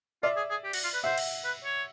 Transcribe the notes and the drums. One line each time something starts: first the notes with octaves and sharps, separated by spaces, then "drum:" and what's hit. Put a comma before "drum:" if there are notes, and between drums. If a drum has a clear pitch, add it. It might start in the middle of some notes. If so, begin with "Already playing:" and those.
F4 D5 E5
G#4
G#4
G4
F#4, drum: cymbal
F4
B4
C5 E5 F#5
drum: cymbal
B4
C#5